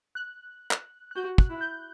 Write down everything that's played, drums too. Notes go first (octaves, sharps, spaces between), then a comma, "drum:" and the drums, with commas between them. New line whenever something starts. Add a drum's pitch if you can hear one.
F#6
drum: clap
F#6
F#4 G6
F#6, drum: kick
E4
G6